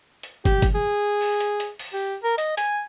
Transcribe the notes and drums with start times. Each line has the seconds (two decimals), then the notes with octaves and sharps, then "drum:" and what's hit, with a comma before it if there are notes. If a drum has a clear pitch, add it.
0.23 drum: hi-hat
0.45 G4, drum: kick, hi-hat
0.62 drum: kick, hi-hat
0.75 G#4
1.21 drum: open hi-hat
1.40 drum: hi-hat
1.60 drum: hi-hat
1.79 drum: open hi-hat
1.93 G4
2.24 A#4
2.38 D#5, drum: hi-hat
2.57 G#5, drum: hi-hat